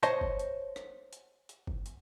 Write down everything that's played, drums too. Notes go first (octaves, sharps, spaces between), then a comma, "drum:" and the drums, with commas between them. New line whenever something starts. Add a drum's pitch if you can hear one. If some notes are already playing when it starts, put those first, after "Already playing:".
C5 C#5 D#5 A5, drum: hi-hat
drum: kick
drum: hi-hat
drum: rim click
drum: hi-hat
drum: hi-hat
drum: kick
drum: hi-hat